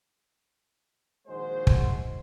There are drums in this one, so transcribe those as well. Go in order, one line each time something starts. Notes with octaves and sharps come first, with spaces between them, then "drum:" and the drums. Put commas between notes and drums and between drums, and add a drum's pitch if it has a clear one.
A#1 D#3 G#3 F#4 C5
drum: kick